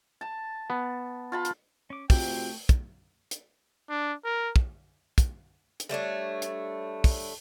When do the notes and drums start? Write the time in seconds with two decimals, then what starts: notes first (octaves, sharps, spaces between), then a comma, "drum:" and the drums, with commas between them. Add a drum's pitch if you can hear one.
0.21 A5
0.70 B3
1.32 F4 A5 B5
1.45 drum: hi-hat
1.90 C#4 D6
2.10 C3 A3 F4 F#4 G5, drum: kick, open hi-hat
2.69 drum: kick, hi-hat
3.31 drum: hi-hat
3.90 D4
4.25 A#4
4.56 drum: kick
5.18 drum: kick, hi-hat
5.80 drum: hi-hat
5.89 G3 A3 D4 C#5
6.42 drum: hi-hat
7.04 drum: kick, open hi-hat